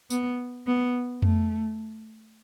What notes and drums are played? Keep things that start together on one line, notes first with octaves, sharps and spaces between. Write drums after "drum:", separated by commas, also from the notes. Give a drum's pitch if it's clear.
B3, drum: tambourine
B3
A3, drum: tom F2